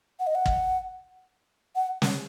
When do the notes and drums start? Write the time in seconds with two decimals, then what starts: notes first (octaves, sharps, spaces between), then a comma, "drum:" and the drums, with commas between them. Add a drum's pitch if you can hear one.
0.20 F#5
0.27 D#5
0.35 F#5
0.46 drum: kick
1.76 F#5
2.02 drum: snare